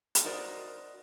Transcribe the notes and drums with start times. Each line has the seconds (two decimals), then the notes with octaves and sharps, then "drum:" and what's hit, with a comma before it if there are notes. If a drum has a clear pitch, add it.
0.15 drum: hi-hat
0.24 D#4 F#4 A#4 C5 D5 D#5